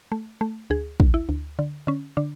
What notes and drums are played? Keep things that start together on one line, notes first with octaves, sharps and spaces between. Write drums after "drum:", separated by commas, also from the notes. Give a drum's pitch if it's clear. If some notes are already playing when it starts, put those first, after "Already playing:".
A3
A3
D2 G#4
D2, drum: kick
E4
D2
D3
D3 C#4
D3 D4